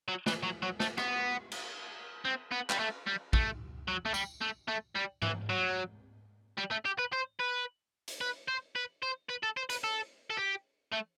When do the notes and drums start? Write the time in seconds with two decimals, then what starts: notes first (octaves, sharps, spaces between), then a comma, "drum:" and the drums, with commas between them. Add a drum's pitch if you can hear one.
0.08 F#3
0.26 E3, drum: snare
0.43 F#3
0.63 F#3
0.80 A3, drum: snare
0.98 B3, drum: rim click
1.52 drum: cymbal
2.25 C4
2.51 B3
2.70 G3, drum: clap
2.79 A3
3.07 G3
3.33 A3, drum: kick
3.88 F#3
4.05 A3
4.14 G3, drum: tambourine
4.41 A3
4.68 A3
4.95 G3
5.22 E3, drum: tom G#2
5.49 F#3
6.58 G3
6.71 A3
6.85 G4
6.99 B4
7.13 C5
7.40 B4
8.08 drum: hi-hat
8.21 B4
8.48 C5
8.76 B4
9.03 C5
9.29 B4
9.43 A4
9.57 C5
9.70 B4, drum: hi-hat
9.84 A4
10.30 A4
10.37 G4
10.92 A3